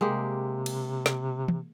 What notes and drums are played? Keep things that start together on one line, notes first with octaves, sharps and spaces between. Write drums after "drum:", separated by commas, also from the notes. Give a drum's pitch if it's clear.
C3 G#3 A#3 G4
drum: cymbal
drum: snare
drum: tom